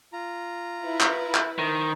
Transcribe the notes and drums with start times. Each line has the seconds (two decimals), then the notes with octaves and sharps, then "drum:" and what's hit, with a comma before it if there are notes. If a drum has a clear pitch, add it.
0.13 F4 A#5
0.83 E4 B4
1.00 drum: clap
1.35 drum: clap
1.59 D#3 C5